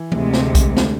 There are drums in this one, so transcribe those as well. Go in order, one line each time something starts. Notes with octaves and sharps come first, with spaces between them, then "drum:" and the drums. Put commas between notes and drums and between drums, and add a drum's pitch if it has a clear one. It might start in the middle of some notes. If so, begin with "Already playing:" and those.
Already playing: E3
D2 C3 G#3, drum: tom E3
drum: snare
drum: kick B1, hi-hat
D3, drum: snare